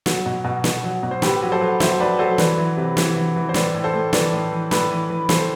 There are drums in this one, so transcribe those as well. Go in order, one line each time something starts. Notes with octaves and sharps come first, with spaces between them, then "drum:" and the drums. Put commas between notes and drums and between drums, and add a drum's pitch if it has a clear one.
F#3, drum: snare
B2
B2
B2, drum: snare
F#3
B2
C5
A2 G4 B4, drum: snare
F#3
A4 C5
F#3
F#3 C5 E5, drum: snare
F#3 B4 D5
F#3 A4 C5
E3 B4 D5, drum: snare
E3
C3
E3, drum: snare
E3
E3
C5
A2 B4 D5, drum: snare
A2
A4 C5
A2
E3 B4 D5, drum: snare
A2
E3
A2 B4 D5, drum: snare
E3
E3
E3 A4 C5, drum: snare